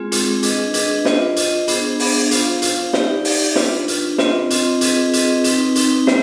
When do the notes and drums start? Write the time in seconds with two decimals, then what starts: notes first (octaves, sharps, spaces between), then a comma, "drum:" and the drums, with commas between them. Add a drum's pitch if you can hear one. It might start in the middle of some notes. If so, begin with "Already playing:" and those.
Already playing: G#3 C4 F4 G#4
0.12 G#3 C4 F4 G#4, drum: hi-hat
0.43 D4 G#4 B4 D#5, drum: hi-hat
0.74 D4 G#4 B4 D#5, drum: hi-hat
1.05 F4 C5 D#5, drum: snare
1.36 F4 C5 D#5, drum: hi-hat
1.68 B3 D4 G#4 C5, drum: hi-hat
2.00 B3 D4 G#4 C5, drum: open hi-hat
2.31 F4 C5 F5, drum: hi-hat
2.62 F4 C5 F5, drum: hi-hat
2.93 D#4 G4 D5, drum: snare
3.25 D#4 G4 D5, drum: open hi-hat
3.56 D4 F4 B4, drum: snare
3.88 D4 F4 B4, drum: hi-hat
4.18 C4 F4 C5 D#5, drum: snare
4.50 C4 F4 C5 D#5, drum: hi-hat
4.81 C4 F4 G#4 B4 D#5, drum: hi-hat
5.13 C4 F4 G#4 B4 D#5, drum: hi-hat
5.44 C4 D#4 B4, drum: hi-hat
5.76 C4 D#4 B4, drum: hi-hat
6.07 G3 B3, drum: snare